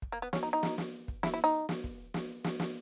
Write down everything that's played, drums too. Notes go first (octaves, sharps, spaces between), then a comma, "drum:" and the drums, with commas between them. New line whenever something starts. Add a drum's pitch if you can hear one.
drum: kick
A#3
B3
C#4, drum: snare
D#4
D#4
drum: snare
drum: snare
drum: kick
E4, drum: snare
E4
D#4
drum: snare
drum: kick
drum: snare
drum: snare
drum: snare